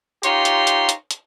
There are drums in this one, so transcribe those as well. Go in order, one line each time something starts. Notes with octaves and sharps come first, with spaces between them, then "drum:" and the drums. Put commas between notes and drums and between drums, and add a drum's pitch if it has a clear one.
D#4 F4 G4 C#5 A#5 C6, drum: hi-hat
drum: hi-hat
drum: hi-hat
drum: hi-hat
drum: hi-hat